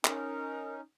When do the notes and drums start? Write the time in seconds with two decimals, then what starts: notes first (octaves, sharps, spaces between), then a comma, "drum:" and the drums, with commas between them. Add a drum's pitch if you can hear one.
0.05 C#4 D#4 A#4, drum: clap